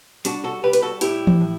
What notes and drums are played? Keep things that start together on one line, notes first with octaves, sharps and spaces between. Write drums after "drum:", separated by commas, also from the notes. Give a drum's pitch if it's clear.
G3 D4 F#4, drum: hi-hat
F#4 A4
G3 G4 B4
B4, drum: hi-hat
F#4 A4
A2 E4 G4, drum: hi-hat
drum: tom E3
A2